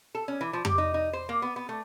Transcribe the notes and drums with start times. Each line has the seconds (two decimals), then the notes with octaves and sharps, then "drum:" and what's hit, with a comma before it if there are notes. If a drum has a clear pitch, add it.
0.15 A4
0.28 C#4
0.41 E3
0.53 F3
0.65 G4, drum: tom F2
0.78 D#4
0.94 D#4
1.13 C5
1.29 A#3
1.42 B3
1.56 B3
1.69 A3